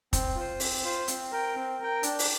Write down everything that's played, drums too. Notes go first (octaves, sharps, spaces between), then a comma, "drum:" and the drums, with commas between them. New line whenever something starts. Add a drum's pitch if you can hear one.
C4, drum: kick, hi-hat
F4 C5
C4, drum: open hi-hat
F4 C5
C4, drum: hi-hat
A#4 G5
C4
A#4 G5
D4, drum: hi-hat
drum: open hi-hat